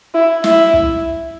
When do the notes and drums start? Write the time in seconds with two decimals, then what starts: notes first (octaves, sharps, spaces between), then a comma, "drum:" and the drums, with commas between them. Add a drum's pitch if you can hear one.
0.14 E4
0.44 E4, drum: snare
0.74 drum: kick